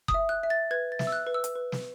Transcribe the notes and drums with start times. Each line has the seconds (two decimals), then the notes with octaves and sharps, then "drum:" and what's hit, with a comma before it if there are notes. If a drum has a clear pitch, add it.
0.08 D#6, drum: kick F#1
0.14 E5
0.29 F#6
0.43 E5
0.50 A6
0.71 B4 G#6
0.92 A6
0.99 E5, drum: snare
1.07 E6
1.12 F#6
1.27 B4
1.34 E6
1.44 drum: hi-hat
1.55 B4
1.72 drum: snare